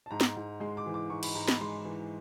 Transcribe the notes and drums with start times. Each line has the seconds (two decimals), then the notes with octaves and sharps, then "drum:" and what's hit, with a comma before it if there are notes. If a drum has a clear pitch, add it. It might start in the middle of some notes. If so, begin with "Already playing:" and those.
0.06 A5
0.11 G#2 A#5
0.21 drum: snare
0.36 G#2
0.60 G#3 C6
0.77 D6
0.86 E3
0.94 D6
1.10 G#2 C#6
1.23 B5, drum: cymbal
1.35 G#2 A#5
1.48 B5, drum: snare
1.60 G#3 C6
1.85 E3